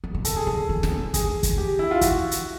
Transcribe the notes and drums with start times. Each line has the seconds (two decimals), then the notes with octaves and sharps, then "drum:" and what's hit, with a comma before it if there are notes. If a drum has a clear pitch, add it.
0.04 D#3
0.15 D3
0.25 C#3 A4, drum: hi-hat
0.37 G#4
0.47 D3 A4
0.69 D#3
0.83 D#3, drum: snare
0.91 E3
1.14 G#4, drum: kick, hi-hat
1.43 drum: kick, hi-hat
1.57 G4
1.79 E4
1.91 F4
2.01 F#4, drum: kick, hi-hat
2.31 drum: hi-hat